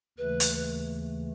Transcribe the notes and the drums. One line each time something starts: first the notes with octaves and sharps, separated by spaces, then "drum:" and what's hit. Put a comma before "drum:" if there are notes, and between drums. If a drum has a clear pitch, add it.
D#2 C#3 E3 A3 B4
drum: hi-hat